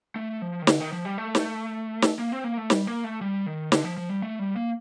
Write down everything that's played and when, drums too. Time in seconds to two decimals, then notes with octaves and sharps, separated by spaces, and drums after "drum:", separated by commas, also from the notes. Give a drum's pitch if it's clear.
0.16 A3
0.42 F3
0.62 D#3
0.67 D3, drum: snare
0.80 D#3
0.92 F3
1.05 G3
1.18 A3
1.35 drum: snare
2.02 drum: snare
2.19 A#3
2.32 C4
2.44 A#3
2.57 A3
2.70 G3, drum: snare
2.87 A#3
3.04 A3
3.21 G3
3.46 D#3
3.72 D3, drum: snare
3.84 F3
3.97 F3
4.10 G3
4.22 A3
4.39 G3
4.56 A#3